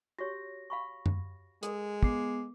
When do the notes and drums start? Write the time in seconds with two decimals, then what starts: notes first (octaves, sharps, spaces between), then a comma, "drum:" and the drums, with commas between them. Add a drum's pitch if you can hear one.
0.19 F#4 G4 C#5 A#6
0.70 F5 B5 C#6
1.06 drum: tom F#2
1.63 G#3 A4 A#4, drum: hi-hat
2.03 B3 D6 C7, drum: kick